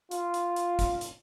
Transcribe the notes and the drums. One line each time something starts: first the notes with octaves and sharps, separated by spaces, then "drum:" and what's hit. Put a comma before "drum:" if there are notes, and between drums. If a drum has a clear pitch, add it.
F4, drum: hi-hat
drum: hi-hat
drum: hi-hat
drum: kick, hi-hat
drum: hi-hat